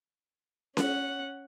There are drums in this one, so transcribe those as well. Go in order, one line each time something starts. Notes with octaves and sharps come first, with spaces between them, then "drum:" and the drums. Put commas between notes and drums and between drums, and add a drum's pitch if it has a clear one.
C#4 F#5, drum: snare C#4